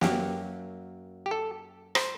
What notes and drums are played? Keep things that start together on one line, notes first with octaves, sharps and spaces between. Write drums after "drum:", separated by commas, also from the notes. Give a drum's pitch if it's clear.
F#2 F#3 A#3 G4, drum: snare
G4
A4
C5, drum: rim click